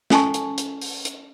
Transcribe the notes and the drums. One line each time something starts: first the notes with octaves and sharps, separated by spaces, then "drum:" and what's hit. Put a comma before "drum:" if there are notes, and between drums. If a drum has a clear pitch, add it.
C#4 A4 G#5 A5 C#6, drum: snare
drum: hi-hat
drum: hi-hat
drum: open hi-hat
drum: hi-hat